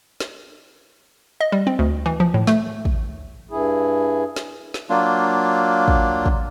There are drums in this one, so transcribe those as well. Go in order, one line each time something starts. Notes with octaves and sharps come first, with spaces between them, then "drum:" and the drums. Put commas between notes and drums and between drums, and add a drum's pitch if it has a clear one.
drum: snare
D#5
G3
C4
D2
E3
F3
A2
A3, drum: snare
drum: kick
G2 E4 G#4
drum: snare
drum: snare
F#3 A#3 D4 F4
drum: kick
drum: kick